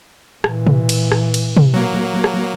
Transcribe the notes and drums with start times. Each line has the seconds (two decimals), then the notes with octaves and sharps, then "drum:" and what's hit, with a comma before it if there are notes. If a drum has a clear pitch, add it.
0.44 A#2 E3, drum: rim click
0.67 drum: tom
0.89 drum: cymbal
1.12 drum: rim click
1.34 drum: cymbal
1.57 drum: tom
1.74 F#3 A#3
2.24 drum: rim click